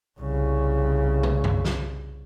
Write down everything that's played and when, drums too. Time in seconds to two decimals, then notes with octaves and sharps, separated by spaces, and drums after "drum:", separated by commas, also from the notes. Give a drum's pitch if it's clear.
0.20 C2 C#3
1.23 drum: tom
1.44 drum: tom F#2
1.65 drum: snare